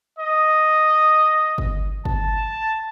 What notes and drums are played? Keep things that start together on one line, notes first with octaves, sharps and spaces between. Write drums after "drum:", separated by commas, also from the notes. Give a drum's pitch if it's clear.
D#5
drum: kick G1
A5, drum: kick G1